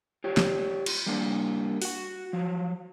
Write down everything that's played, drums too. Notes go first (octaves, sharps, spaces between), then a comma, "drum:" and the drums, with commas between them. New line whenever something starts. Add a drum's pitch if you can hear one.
F4 G4 C#5
drum: snare
drum: cymbal
G3 A#3 D4
F#4 F#5, drum: open hi-hat
F3 F#3